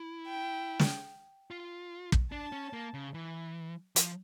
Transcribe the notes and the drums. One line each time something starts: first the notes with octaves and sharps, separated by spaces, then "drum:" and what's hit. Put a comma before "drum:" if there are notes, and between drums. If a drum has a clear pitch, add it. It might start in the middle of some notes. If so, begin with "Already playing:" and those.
Already playing: E4
G5
drum: snare
F4
drum: kick
D4 A5
C#4
A#3
C#3
E3
F3, drum: hi-hat